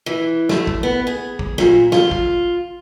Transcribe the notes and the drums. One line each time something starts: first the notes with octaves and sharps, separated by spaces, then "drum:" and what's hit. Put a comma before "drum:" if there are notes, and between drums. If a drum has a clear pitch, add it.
E3
A3, drum: snare
drum: kick
B3
G#4
drum: kick
A#2, drum: snare
F4, drum: snare
drum: kick